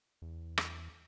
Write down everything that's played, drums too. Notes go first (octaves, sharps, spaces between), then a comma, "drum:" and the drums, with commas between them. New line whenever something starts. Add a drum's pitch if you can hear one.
E2
drum: rim click